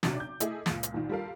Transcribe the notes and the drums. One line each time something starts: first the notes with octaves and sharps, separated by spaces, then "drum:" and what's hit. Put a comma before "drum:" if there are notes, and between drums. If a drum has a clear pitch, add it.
B1 C3 D4 F#4 D5, drum: snare
D6 G6
A3 E4 G#4 D#5, drum: hi-hat
C#2 A#2, drum: snare
drum: hi-hat
A#1 D#3
G3 F4 A4 A#4 F5